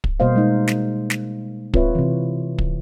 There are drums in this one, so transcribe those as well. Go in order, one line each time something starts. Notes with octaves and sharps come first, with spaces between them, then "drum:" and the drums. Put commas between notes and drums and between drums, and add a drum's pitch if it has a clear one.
drum: kick
B2 G3 A#3 C5 D#5 F5
G#3 D#4
drum: snare
drum: snare
C4 F4 B4 C#5 E5, drum: kick
C3 E3
drum: kick